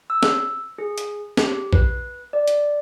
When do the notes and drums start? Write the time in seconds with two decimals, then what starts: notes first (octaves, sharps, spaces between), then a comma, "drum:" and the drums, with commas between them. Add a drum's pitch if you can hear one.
0.10 E6
0.23 drum: snare
0.78 G#4
0.98 drum: hi-hat
1.37 G4, drum: snare
1.73 B4, drum: kick A#1
2.33 D5
2.48 drum: hi-hat